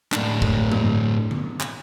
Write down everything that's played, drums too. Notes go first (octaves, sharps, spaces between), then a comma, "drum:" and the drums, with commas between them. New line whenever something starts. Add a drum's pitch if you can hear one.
A2 D4, drum: clap
drum: kick
drum: tom G2
drum: tom D3
drum: clap